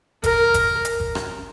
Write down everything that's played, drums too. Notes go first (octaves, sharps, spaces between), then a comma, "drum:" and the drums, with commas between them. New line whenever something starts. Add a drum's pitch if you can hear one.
A#4, drum: kick G1, hi-hat
drum: kick G1, hi-hat
drum: hi-hat
drum: kick G1
drum: rim click